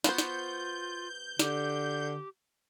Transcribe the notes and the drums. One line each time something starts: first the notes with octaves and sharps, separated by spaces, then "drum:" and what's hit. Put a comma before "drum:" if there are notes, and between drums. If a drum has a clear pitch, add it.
B3 F4 F#4 C5 G6, drum: snare
drum: snare
D3 G4, drum: snare